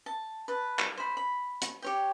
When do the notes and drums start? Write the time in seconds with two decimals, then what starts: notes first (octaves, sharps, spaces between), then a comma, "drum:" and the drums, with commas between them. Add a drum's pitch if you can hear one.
0.06 A5
0.48 B4 A5
0.79 drum: clap
0.97 C5 B5
1.17 B5
1.62 drum: hi-hat
1.82 G4 C#5 G5